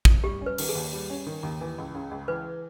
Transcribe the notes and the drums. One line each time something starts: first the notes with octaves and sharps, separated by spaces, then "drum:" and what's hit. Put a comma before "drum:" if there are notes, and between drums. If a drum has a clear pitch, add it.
drum: kick
G3 G4
C#4
B4
D#3, drum: open hi-hat
G#4
D#2
G3
C#4
D#3
D#2
E3
C#2
C#3
C#2
E3 B4